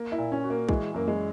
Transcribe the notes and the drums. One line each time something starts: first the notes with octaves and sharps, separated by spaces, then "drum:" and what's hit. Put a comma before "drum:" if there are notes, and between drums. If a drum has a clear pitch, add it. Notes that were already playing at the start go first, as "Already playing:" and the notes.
Already playing: A#3
E4
A#2
C#4
F#4
A#3
E3 G#3, drum: kick
F#2 A#3
G#3